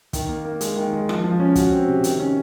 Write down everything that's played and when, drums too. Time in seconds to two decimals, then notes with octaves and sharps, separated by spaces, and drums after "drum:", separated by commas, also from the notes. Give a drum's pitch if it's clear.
0.13 D#3, drum: kick, hi-hat
0.29 A#3
0.45 A#3
0.61 G#3, drum: hi-hat
0.76 D#3
0.93 G#3
1.09 F3, drum: rim click
1.24 F3
1.40 C#4
1.55 F#4, drum: kick, hi-hat
1.72 C4
1.88 C3
2.04 D#3, drum: hi-hat
2.19 C#4